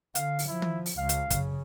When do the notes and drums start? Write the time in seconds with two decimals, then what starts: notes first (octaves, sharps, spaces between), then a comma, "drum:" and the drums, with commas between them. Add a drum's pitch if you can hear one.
0.15 D3 F5, drum: hi-hat
0.39 drum: open hi-hat
0.48 F3 E4
0.62 drum: tom D#3
0.86 drum: open hi-hat
0.98 C#2 F5
1.09 drum: hi-hat
1.31 F#1 C#3, drum: kick, hi-hat